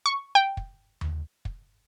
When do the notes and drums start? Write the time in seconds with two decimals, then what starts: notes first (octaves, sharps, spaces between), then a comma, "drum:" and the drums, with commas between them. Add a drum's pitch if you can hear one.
0.06 C#6
0.35 G5
0.57 drum: kick
1.01 drum: tom D#2
1.45 drum: kick